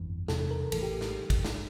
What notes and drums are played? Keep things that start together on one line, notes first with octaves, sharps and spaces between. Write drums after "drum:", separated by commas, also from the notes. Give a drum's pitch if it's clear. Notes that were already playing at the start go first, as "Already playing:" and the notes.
Already playing: G1 F2 E3
E1 E2 C3 A4, drum: snare
A#4
A1 A2 E3 A3 A4, drum: cymbal
G4
drum: snare
drum: kick, cymbal
drum: snare